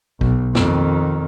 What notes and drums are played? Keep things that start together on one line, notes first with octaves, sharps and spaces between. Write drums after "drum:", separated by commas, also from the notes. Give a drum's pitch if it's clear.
B1, drum: kick
F2 D#3, drum: snare